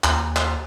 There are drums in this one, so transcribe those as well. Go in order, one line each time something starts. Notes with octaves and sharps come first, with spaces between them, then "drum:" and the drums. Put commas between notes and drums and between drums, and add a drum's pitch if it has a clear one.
D#2, drum: clap
drum: clap